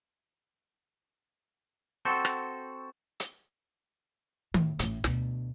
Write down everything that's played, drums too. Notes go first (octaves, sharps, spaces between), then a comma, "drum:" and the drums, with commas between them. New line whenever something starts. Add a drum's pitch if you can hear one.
C4 F#4 A4 C5
drum: rim click
drum: hi-hat
A2, drum: tom D#3
A1 A2, drum: hi-hat
D2 B2, drum: snare